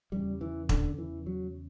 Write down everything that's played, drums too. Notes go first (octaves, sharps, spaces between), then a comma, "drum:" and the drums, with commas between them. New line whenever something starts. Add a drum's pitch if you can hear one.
E2 C#3 G3
E3
D3, drum: kick E1
E3
F#3